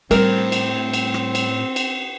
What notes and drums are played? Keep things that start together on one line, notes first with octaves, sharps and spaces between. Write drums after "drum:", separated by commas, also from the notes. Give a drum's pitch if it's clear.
A2 G3 C4 A#4, drum: cymbal
drum: cymbal
drum: cymbal
drum: rim click
drum: cymbal
drum: cymbal